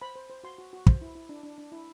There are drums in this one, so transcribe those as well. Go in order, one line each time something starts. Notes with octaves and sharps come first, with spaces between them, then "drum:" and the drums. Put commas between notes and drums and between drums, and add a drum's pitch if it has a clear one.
C5 B5
C5
C5
F#4 C6
F#4
F#4
C5, drum: kick
E4
E4
D4
D4
D4
E4